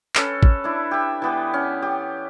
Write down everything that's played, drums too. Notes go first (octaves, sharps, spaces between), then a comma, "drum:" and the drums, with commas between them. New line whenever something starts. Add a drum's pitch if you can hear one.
C#4 A4 B4, drum: clap
drum: kick
D4 E4
G4 E5
E3 B3 G4
C#4
G4